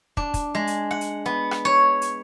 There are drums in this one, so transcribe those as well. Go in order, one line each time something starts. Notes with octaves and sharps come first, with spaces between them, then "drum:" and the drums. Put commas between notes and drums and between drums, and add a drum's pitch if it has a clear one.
D4, drum: kick
drum: kick, hi-hat
G#3
drum: hi-hat
F#5
drum: hi-hat
B3
drum: rim click
C#5
drum: hi-hat